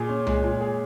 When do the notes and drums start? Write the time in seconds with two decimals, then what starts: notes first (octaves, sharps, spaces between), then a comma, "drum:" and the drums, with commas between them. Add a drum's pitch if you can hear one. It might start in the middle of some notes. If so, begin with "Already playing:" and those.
Already playing: A#2 G#4
0.09 C#4
0.27 G#3, drum: tom C2
0.44 A#2
0.61 G#4